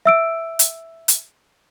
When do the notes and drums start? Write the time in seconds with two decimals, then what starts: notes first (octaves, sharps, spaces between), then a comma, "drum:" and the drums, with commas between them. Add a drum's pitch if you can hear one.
0.05 E5 E6 D7
0.59 drum: hi-hat
1.08 drum: hi-hat